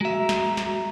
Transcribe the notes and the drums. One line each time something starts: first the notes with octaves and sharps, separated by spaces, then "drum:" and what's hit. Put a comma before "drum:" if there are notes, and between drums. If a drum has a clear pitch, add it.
G#3 F#4 E5 A#5
drum: snare
drum: snare